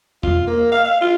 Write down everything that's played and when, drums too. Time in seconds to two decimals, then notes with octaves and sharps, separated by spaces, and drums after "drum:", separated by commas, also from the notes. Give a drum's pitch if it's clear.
0.23 F4, drum: tom E2
0.47 A#3
0.72 F5
0.84 F5
1.01 F4